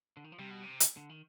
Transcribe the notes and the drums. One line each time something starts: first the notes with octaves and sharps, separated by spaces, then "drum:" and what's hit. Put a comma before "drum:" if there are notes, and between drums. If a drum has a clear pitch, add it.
D3
D#3
F3
C3 G3
B2
C3
drum: hi-hat
D3
D#3